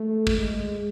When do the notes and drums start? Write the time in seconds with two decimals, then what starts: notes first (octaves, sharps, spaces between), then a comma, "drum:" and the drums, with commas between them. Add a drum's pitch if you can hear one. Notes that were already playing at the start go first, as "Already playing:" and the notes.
Already playing: A3
0.27 drum: kick
0.37 G#3